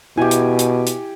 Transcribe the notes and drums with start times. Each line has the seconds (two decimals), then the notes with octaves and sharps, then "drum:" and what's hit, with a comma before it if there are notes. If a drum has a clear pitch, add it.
0.17 B2 E4 G4 G#5
0.31 drum: hi-hat
0.59 drum: hi-hat
0.87 drum: hi-hat